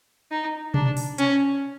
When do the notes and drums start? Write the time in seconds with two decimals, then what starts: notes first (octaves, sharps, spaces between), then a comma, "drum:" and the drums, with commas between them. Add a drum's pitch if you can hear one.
0.31 D#4
0.74 D4, drum: tom B2
0.97 drum: open hi-hat
1.18 C#4, drum: hi-hat